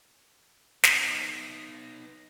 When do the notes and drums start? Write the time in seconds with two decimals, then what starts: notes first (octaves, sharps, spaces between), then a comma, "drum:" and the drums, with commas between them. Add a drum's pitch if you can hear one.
0.83 B3 D#4, drum: snare